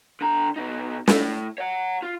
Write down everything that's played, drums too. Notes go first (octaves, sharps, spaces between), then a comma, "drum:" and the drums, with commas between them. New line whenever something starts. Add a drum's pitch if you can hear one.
D3 A#5
B2 D#4
A2, drum: snare
C#5 F#5
F4